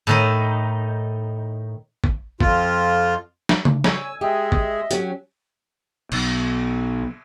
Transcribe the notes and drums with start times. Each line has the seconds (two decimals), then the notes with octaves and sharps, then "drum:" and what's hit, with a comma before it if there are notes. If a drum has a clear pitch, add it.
0.07 A2 D#3 D#4
2.04 drum: kick
2.41 F2 F4, drum: kick
3.49 drum: snare
3.65 drum: tom C#3
3.84 C#5 G#5 E6, drum: snare
4.21 G#3 G4 G#4 D#5 E5
4.52 drum: kick
4.91 F#3 C#4 G4, drum: hi-hat
6.12 B1, drum: cymbal